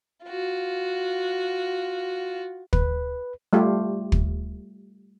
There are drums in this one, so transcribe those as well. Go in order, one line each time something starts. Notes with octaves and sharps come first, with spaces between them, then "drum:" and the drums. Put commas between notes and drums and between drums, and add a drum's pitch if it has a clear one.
F4 F#4
B4, drum: kick
G3 A3 F4 G4
drum: kick